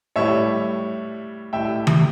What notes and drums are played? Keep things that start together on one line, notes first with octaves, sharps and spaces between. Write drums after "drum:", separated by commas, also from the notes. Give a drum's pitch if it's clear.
A2 G3 C#5 E5
A2 G3 E5 G5
drum: tom D#3